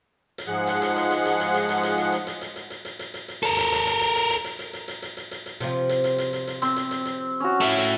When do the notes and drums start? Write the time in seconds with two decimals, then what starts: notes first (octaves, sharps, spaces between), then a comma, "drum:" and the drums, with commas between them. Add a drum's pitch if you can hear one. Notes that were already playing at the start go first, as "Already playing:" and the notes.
0.38 drum: hi-hat
0.47 G#2 F3 G#3 G#4 F#5 F#6
0.67 drum: hi-hat
0.82 drum: hi-hat
0.96 drum: hi-hat
1.11 drum: hi-hat
1.25 drum: hi-hat
1.40 drum: hi-hat
1.54 drum: hi-hat
1.69 drum: hi-hat
1.83 drum: hi-hat
1.98 drum: hi-hat
2.12 drum: hi-hat
2.27 drum: hi-hat
2.41 drum: hi-hat
2.56 drum: hi-hat
2.70 drum: hi-hat
2.85 drum: hi-hat
2.99 drum: hi-hat
3.14 drum: hi-hat
3.28 drum: hi-hat
3.43 A4 A#4, drum: hi-hat
3.57 drum: hi-hat
3.72 drum: hi-hat
3.86 drum: hi-hat
4.01 drum: hi-hat
4.15 drum: hi-hat
4.30 drum: hi-hat
4.44 drum: hi-hat
4.59 drum: hi-hat
4.73 drum: hi-hat
4.88 drum: hi-hat
5.02 drum: hi-hat
5.17 drum: hi-hat
5.31 drum: hi-hat
5.46 drum: hi-hat
5.60 C3 F3 F4, drum: hi-hat
5.89 drum: hi-hat
6.04 drum: hi-hat
6.18 drum: hi-hat
6.33 drum: hi-hat
6.47 drum: hi-hat
6.62 C4, drum: hi-hat
6.76 drum: hi-hat
6.91 drum: hi-hat
7.05 drum: hi-hat
7.40 C#4 F#4
7.61 A3 E4, drum: hi-hat
7.78 drum: hi-hat